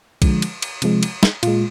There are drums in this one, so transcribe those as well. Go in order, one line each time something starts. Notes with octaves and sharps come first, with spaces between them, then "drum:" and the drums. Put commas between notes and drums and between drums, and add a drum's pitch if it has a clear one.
D3 F3 G#3, drum: kick B1, cymbal
drum: cymbal
drum: cymbal
C3 F3 G#3, drum: cymbal
drum: cymbal
drum: snare
A#2 G#3 F4, drum: cymbal